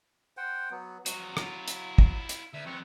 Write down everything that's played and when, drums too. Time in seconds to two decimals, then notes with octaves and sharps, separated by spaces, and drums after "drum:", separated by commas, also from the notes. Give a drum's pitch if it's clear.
0.37 C5 F#5 G5
0.71 F#3 B3
1.06 F3 F#3 F#4, drum: hi-hat
1.37 E4 F4, drum: rim click
1.68 drum: hi-hat
1.98 drum: kick
2.29 drum: hi-hat
2.53 D2 E5 E6
2.66 F2 B3 C4 C#6